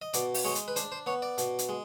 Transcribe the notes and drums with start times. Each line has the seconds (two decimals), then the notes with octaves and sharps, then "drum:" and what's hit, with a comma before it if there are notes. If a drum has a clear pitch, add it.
0.02 D#5
0.14 B2 D5, drum: hi-hat
0.34 drum: open hi-hat
0.45 G#3 C#5
0.55 drum: hi-hat
0.68 B4
0.76 D4 C5, drum: hi-hat
0.92 C5
1.06 B3 C#5
1.22 D5
1.38 B2, drum: hi-hat
1.59 drum: hi-hat
1.69 G#3